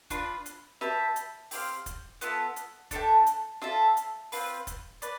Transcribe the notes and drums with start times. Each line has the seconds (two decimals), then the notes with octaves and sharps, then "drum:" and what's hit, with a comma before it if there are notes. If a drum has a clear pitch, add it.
0.10 D4 F4 B4, drum: kick, hi-hat
0.46 drum: hi-hat
0.81 G4 B4 E5 A5, drum: snare
1.16 drum: hi-hat
1.51 C4 G4 C5 F5, drum: open hi-hat
1.86 drum: kick, hi-hat
2.21 B3 F4 A4 E5, drum: hi-hat
2.56 drum: hi-hat
2.91 D4 A4 E5 G5, drum: kick, hi-hat
3.26 drum: hi-hat
3.62 F4 A4 E5, drum: snare
3.97 drum: hi-hat
4.32 C4 F4 B4, drum: open hi-hat
4.67 drum: kick, hi-hat
5.02 B4 D5, drum: hi-hat